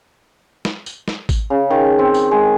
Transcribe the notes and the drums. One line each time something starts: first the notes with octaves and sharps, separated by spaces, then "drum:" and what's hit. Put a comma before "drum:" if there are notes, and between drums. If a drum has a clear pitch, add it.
drum: snare
drum: tambourine
drum: snare
drum: kick G#1, tambourine
C#3
D#3
C4
drum: tambourine
G#3